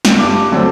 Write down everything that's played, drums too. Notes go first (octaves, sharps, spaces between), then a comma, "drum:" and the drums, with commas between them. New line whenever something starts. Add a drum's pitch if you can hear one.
drum: snare
G2 D6
D3 F#3 A3 C4